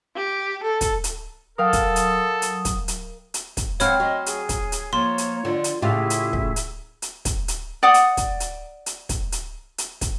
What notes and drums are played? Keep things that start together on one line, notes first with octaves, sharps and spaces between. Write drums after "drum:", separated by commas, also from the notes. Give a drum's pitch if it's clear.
G4
A4
drum: kick, hi-hat
drum: hi-hat
F#3 A4 A#4 F5 G5 D#6
drum: kick, hi-hat
drum: hi-hat
drum: hi-hat
drum: kick, hi-hat
drum: hi-hat
drum: hi-hat
drum: kick, hi-hat
F#3 C4 C#5 F5 F#5 B5 F6, drum: hi-hat
F#3 D#5 C6
G#4, drum: hi-hat
drum: kick, hi-hat
drum: hi-hat
F3 A#3 C#5 A#5 C6
drum: hi-hat
D3 F4
drum: hi-hat
A2 C#3 E4 F4 G4 G#4
drum: hi-hat
drum: kick
drum: hi-hat
drum: hi-hat
drum: kick, hi-hat
drum: hi-hat
D5 F#5 D#6
drum: hi-hat
drum: kick, hi-hat
drum: hi-hat
drum: hi-hat
drum: kick, hi-hat
drum: hi-hat
drum: hi-hat
drum: kick, hi-hat